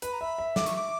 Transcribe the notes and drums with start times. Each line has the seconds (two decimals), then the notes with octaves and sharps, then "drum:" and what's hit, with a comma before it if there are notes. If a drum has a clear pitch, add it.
0.02 B4 B5, drum: hi-hat
0.13 A#5
0.21 E5 B5
0.38 E5
0.56 D6, drum: snare
0.66 C#6, drum: hi-hat
0.76 D6